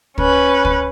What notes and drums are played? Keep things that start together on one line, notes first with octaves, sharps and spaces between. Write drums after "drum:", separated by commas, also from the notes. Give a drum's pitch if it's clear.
C#4 B4, drum: kick
drum: kick